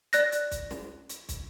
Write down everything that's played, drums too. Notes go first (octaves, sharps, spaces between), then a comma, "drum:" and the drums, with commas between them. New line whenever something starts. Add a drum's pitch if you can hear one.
D5 F#6 A#6, drum: hi-hat
drum: hi-hat
drum: kick, hi-hat
drum: snare
drum: hi-hat
drum: kick, hi-hat